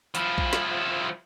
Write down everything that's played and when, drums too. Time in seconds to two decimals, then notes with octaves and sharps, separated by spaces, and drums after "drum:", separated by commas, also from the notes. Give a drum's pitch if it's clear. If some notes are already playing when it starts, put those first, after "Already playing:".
0.15 F3 E4, drum: hi-hat
0.38 drum: kick A#1
0.53 drum: snare